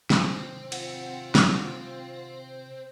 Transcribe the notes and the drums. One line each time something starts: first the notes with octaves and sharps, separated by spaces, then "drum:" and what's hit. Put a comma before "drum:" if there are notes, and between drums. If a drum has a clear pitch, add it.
C3 D#3 C4, drum: snare
F4 F#5, drum: cymbal
drum: snare